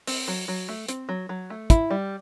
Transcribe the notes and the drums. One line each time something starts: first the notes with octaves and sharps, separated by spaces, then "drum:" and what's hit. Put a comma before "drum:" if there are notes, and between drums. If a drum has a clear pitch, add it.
C4, drum: open hi-hat
F#3
F#3
A3
C4, drum: hi-hat
F#3
F#3
A3
E4, drum: kick, hi-hat
G3